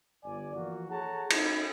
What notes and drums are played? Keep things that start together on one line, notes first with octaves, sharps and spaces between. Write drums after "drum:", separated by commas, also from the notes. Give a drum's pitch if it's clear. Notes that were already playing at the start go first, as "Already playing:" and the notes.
G1 D5 G#5
E3 F3 A#3 F#4
G#4 A4 C#5 F#5 A5 A#5
D#4 E4, drum: cymbal